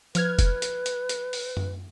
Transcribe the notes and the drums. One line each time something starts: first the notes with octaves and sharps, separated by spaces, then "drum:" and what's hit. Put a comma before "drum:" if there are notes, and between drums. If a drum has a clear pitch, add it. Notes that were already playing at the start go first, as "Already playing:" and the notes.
F3 B4 F6 G#6, drum: hi-hat
drum: kick F1, hi-hat
drum: hi-hat
drum: hi-hat
drum: hi-hat
drum: open hi-hat
drum: tom F#2